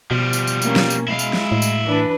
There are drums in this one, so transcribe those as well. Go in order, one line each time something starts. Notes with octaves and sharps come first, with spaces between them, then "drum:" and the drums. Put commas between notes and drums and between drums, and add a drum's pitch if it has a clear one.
B2 F3 G3
drum: tambourine
drum: tambourine
A#3 C#4, drum: tambourine
drum: snare
drum: tambourine
G#3 E4 F5
drum: tambourine
drum: snare
A2
drum: tambourine
E3 D4 B4